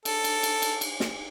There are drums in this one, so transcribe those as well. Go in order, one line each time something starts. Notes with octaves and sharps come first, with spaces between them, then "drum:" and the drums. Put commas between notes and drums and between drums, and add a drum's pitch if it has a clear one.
A4, drum: cymbal
drum: cymbal
drum: cymbal
drum: cymbal
drum: cymbal
drum: snare